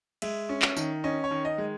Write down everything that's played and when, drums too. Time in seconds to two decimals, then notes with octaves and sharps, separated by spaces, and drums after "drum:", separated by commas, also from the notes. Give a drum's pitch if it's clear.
0.22 G#3 E5, drum: cymbal
0.49 C#4
0.62 drum: clap
0.77 D#3, drum: tambourine
1.04 C#4 D#5
1.24 C#5
1.31 D#3
1.45 D#5
1.58 G#3